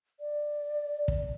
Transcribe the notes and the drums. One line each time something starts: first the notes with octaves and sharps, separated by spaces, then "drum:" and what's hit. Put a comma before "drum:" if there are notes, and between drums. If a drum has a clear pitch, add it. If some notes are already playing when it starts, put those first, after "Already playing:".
D5
drum: kick